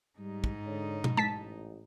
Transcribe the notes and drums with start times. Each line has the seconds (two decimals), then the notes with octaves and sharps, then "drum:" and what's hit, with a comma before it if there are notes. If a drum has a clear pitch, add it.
0.19 G#2 G3 D#4
0.44 drum: kick
0.66 D3 G#3 C#5
1.04 drum: tom
1.17 A1 A5 B6, drum: tom G#3